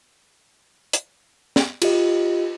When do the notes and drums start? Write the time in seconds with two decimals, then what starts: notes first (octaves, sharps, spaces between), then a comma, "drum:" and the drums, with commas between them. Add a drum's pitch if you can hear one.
0.93 drum: hi-hat
1.56 drum: snare
1.82 F4 G4 D#5, drum: cymbal